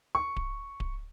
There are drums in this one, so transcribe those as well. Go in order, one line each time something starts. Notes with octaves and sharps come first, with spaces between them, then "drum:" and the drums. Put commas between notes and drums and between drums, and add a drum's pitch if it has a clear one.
C#6
drum: kick D1
drum: kick D1